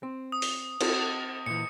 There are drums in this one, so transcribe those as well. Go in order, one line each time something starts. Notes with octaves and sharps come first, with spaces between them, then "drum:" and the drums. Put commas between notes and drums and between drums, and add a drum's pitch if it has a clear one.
C4
D#6
drum: open hi-hat
C4, drum: cymbal
A#2 E3 C#7